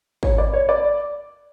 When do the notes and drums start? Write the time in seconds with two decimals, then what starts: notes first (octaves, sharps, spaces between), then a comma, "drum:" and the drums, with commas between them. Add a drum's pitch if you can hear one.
0.23 C#5, drum: kick G#1
0.38 D5
0.53 C#5
0.69 D5